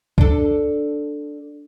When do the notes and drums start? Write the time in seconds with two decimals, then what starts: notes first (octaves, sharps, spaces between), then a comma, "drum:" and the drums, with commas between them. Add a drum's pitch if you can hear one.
0.18 D4 A4, drum: kick